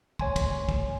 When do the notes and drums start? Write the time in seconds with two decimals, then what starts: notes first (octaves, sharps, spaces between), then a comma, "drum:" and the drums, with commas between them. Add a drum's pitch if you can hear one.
0.19 D2 C#5 G#5 C6, drum: kick
0.36 drum: kick, cymbal
0.69 drum: kick